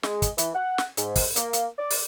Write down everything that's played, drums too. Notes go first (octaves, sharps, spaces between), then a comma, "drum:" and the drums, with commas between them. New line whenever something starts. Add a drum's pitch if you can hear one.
G#3, drum: snare
drum: kick, hi-hat
E3, drum: hi-hat
F#5
drum: snare
G#2, drum: hi-hat
drum: kick, open hi-hat
A#3, drum: hi-hat
drum: hi-hat
D5
drum: open hi-hat